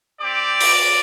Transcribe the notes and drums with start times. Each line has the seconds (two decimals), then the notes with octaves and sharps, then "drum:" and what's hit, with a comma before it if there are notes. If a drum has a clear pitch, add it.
0.21 C4 G4 D5 D6
0.61 drum: open hi-hat